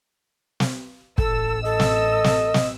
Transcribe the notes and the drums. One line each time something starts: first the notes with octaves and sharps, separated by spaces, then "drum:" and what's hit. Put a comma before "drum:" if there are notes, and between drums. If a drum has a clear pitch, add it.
drum: snare
A1 A4 E6, drum: kick
A4 D#5
drum: snare
drum: snare
drum: snare